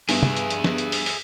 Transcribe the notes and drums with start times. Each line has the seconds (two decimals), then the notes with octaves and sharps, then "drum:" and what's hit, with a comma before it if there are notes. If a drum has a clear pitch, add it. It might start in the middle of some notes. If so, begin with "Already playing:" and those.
0.09 G2 B3 G#4 E5 D7, drum: open hi-hat
0.23 drum: tom
0.37 drum: hi-hat
0.50 drum: hi-hat
0.64 drum: snare
0.78 drum: hi-hat
0.92 drum: open hi-hat
1.06 drum: open hi-hat